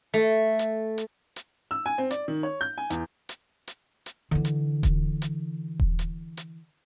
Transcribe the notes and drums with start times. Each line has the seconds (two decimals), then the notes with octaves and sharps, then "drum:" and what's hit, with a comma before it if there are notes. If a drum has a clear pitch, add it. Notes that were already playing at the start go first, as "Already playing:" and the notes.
0.14 A3
0.59 drum: hi-hat
0.98 drum: hi-hat
1.36 drum: hi-hat
1.71 E6
1.86 G#5
1.98 C4
2.11 D5, drum: hi-hat
2.28 D#3
2.43 C#5
2.61 G6
2.78 G#5
2.90 E2, drum: hi-hat
3.29 drum: hi-hat
3.67 drum: hi-hat
4.06 drum: hi-hat
4.31 D3 E3
4.45 drum: hi-hat
4.83 drum: kick D#1, hi-hat
5.22 drum: hi-hat
5.80 drum: kick D#1
5.99 drum: hi-hat
6.37 drum: hi-hat